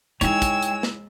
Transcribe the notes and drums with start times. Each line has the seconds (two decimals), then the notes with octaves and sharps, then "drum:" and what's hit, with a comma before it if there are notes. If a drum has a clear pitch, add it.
0.21 G#3 D#4 E4 C#5 G5 G#5 E6, drum: hi-hat
0.42 drum: kick, hi-hat
0.63 drum: hi-hat
0.83 drum: snare